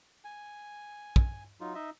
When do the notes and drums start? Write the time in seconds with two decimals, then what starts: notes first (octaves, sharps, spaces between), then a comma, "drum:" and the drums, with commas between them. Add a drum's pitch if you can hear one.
0.25 G#5
1.16 drum: kick
1.61 F#3 D#4 F4
1.75 D#4 D#5 E5